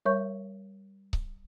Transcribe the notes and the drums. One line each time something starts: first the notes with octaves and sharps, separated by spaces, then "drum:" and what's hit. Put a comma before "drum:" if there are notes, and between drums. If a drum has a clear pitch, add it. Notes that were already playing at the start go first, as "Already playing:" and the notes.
G3 A#4 C#5 E5 C#6 G6
drum: kick C#1